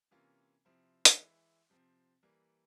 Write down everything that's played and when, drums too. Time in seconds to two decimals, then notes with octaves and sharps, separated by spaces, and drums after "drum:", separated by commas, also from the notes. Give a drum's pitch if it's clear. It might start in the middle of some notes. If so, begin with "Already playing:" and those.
0.11 C3 E3 A#3 C#4 F4
0.65 C3 F3 C4 E4
1.05 drum: hi-hat
1.16 E3 G#3 E4
1.70 C3 F3 C4
2.23 E3 G3 A#3